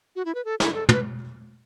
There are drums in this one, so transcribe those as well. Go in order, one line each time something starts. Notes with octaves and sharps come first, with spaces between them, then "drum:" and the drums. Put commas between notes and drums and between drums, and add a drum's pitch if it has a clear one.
F#4
E4
B4
A4
E4, drum: snare
A4
B4, drum: tom